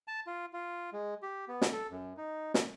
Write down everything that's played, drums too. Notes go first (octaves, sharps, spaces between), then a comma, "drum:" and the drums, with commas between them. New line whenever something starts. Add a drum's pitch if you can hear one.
A5
F4
F4
G#3
G4
B3
drum: snare
A4
F#2
D#4
drum: snare